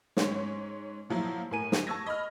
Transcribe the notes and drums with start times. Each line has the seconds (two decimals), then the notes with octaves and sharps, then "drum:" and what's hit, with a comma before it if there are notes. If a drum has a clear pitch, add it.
0.17 G#2 C#4 C#5, drum: snare
1.09 A#2 F3 F#3 E4
1.51 A2 A#4 G#5 D#7
1.72 drum: snare
1.87 A5 C#6 E6 G#6 A#6
2.06 D#5 B5 F6